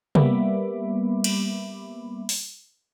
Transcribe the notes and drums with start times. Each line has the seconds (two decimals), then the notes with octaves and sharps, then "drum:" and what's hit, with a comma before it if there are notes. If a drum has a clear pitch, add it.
0.15 G3 A#3 B3 E5 B5 D6, drum: tom C3
1.24 drum: cymbal
2.29 drum: open hi-hat